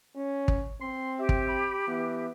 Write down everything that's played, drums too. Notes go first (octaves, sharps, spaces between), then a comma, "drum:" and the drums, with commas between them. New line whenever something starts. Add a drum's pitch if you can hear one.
C#4
drum: kick
C4 C6
G4 E5
drum: kick
B5
E3 B3